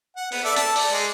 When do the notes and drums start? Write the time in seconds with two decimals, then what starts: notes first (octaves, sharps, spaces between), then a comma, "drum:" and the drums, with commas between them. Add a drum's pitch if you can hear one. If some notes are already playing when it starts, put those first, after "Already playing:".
0.16 F#5
0.32 B3, drum: open hi-hat
0.44 A4 D5 E5
0.56 A5, drum: hi-hat
0.75 D5, drum: open hi-hat
0.91 G#3